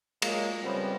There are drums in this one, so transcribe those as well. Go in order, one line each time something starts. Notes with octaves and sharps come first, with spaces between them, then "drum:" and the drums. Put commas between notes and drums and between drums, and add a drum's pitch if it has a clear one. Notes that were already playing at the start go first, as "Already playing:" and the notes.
F#3 G#3 A#3, drum: cymbal
C#3 G3 A3 B3 C4